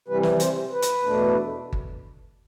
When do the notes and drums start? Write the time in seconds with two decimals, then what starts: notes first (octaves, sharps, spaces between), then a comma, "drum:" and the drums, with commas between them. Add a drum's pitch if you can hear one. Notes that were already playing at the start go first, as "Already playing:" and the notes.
0.08 C3 E3 G3 B4
0.23 drum: snare
0.40 C5, drum: hi-hat
0.71 B4
0.82 drum: hi-hat
1.03 E2 B2 A3 D4
1.73 drum: kick G1